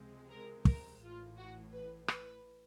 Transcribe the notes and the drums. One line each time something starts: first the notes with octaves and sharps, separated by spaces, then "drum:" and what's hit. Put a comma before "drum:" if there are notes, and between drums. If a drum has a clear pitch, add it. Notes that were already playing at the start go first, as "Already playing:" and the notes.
Already playing: C#2 C3 F3 G#3 C4
A#4
A#4, drum: kick
A1 A2 E3 F4
F#4
B4
B4, drum: rim click